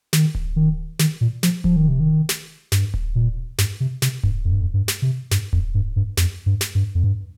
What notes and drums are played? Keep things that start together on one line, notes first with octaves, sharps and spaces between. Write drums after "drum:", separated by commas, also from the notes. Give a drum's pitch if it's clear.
D#3, drum: snare
drum: kick D1
D#3
D#3, drum: snare
A#2
F3, drum: snare
F3, drum: kick D1
D#3
C3
D#3
drum: snare
G2, drum: snare
drum: kick D1
A#2
G2, drum: snare
C3
C3, drum: snare
G2, drum: kick D1
F2
G2
F2
G2
drum: snare
C3
G2, drum: snare
F2, drum: kick D1
G2
G2
F2, drum: snare
G2
drum: snare
G2
F2
G2